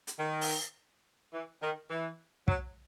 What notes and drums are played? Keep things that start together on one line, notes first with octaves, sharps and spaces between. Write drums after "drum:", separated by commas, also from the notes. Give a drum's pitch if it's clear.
drum: hi-hat
D#3
drum: open hi-hat
E3
D#3
E3
F#3, drum: kick